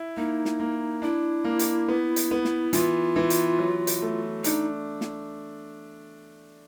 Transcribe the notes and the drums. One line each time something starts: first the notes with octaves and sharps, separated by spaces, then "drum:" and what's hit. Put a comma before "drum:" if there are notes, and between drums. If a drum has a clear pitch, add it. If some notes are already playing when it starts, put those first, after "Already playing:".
Already playing: E4
A#3 D#4
drum: snare
A#3
D4 E4
A#3
drum: hi-hat
B3
drum: hi-hat
B3
drum: snare
E3 F4, drum: hi-hat
E3
drum: hi-hat
F#3
drum: hi-hat
A3
D4 D#4, drum: hi-hat
drum: snare